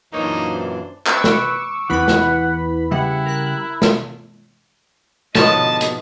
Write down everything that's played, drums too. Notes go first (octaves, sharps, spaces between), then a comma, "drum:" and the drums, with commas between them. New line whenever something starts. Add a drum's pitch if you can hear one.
F#2 A#2 E3 A#3 D4 D#4 C5 C#5
B4 C#6 D6 E6, drum: clap
drum: snare
E2 E3 B3 B4 F#5 B5
drum: snare
C#3 G3 E4 E5 F#5
A#4 F#6
drum: snare
G#2 B2 D3 F3 B3 C#5 D#5 A5, drum: snare
drum: hi-hat